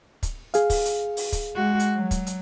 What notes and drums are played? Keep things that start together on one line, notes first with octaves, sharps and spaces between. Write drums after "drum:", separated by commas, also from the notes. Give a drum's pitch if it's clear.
drum: kick, hi-hat
G#4 F5, drum: hi-hat
drum: kick, open hi-hat
drum: hi-hat
drum: open hi-hat
drum: kick, hi-hat
G#3 F#4
drum: hi-hat
F#3
drum: kick, hi-hat
drum: hi-hat